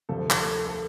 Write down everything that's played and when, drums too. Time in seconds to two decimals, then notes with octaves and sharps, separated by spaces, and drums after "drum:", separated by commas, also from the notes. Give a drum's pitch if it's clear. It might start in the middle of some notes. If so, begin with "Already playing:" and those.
0.09 D2 C3 F3 A4
0.30 drum: clap
0.41 A4
0.67 A4